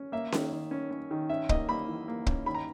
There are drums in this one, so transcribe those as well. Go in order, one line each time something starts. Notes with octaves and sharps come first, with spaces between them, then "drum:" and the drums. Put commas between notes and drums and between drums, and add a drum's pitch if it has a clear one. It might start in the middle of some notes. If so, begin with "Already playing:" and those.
Already playing: C#4
A#3 E5
D#3, drum: snare C#4
D#3
C#4
C#4
D#3
C#4 E5
A#3 D#5, drum: kick
A#3 B5
E3
A#3
C#4, drum: kick
D#3 B5
A#5